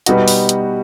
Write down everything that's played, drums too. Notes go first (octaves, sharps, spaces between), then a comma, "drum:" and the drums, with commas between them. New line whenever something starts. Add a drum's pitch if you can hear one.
B2 G3 B3 D#4 F#4, drum: hi-hat
drum: open hi-hat
drum: hi-hat